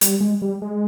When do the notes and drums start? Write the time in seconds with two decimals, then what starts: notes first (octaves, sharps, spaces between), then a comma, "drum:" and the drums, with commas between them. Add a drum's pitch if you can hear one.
0.01 G3, drum: hi-hat
0.21 G#3
0.42 G3
0.62 G#3